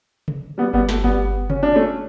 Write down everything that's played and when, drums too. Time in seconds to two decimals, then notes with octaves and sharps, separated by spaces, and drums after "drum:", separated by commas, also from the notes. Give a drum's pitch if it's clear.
0.28 drum: tom C3
0.58 G3 B3
0.73 G3 B3, drum: kick G1
0.89 A3, drum: snare
1.04 G3 B3, drum: kick G1
1.50 C#4, drum: tom C3
1.63 D4
1.75 A3 C#4